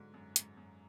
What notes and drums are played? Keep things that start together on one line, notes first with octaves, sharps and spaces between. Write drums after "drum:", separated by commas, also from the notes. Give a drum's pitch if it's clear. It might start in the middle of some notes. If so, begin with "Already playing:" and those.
Already playing: G#2 D3 F#3
F#2
G#2, drum: hi-hat
F#2